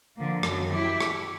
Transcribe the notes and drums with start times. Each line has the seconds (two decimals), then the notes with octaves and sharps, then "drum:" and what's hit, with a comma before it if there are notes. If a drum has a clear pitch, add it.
0.15 D3 F3 A#3
0.43 F#2 D#3 F#3, drum: rim click
0.72 E4 G4
1.01 drum: rim click